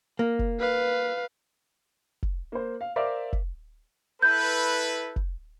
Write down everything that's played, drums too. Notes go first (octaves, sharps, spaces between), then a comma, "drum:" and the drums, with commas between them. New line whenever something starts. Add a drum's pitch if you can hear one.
A#3
drum: kick
B4 F5
drum: kick
A#3 C5
F5
A#4 C5 D5 E5 F5 D6
drum: kick
E4 A4 B4 G6
drum: kick